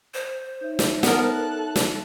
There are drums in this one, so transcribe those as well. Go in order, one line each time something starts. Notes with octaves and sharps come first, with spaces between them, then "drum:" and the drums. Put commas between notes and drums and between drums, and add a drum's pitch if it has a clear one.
C5
D#4 C#5 E5
drum: snare
B3 A4 A#4 A5 F#6, drum: snare
drum: snare